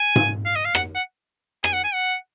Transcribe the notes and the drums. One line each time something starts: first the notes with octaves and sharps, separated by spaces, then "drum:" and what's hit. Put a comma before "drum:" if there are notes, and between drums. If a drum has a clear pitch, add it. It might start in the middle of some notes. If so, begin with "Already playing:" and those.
Already playing: G#5
drum: tom G#2
F5
D#5
F5
F#5, drum: rim click
F#5
G#5, drum: rim click
F#5
G#5
F#5